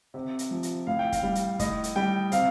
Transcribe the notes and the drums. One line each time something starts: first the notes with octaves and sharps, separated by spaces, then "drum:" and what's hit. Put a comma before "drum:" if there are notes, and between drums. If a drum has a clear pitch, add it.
C3
drum: hi-hat
F3
drum: hi-hat
A2 F5
G5
F5, drum: kick, hi-hat
G3
drum: hi-hat
A2 D#5, drum: kick, hi-hat
drum: hi-hat
G3 G5
C3 F5, drum: hi-hat